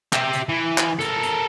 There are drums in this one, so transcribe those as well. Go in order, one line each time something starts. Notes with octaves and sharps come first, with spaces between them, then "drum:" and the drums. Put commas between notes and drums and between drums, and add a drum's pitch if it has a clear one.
G4 E5, drum: clap
drum: hi-hat
E3
drum: clap
A4 A#4, drum: hi-hat
drum: hi-hat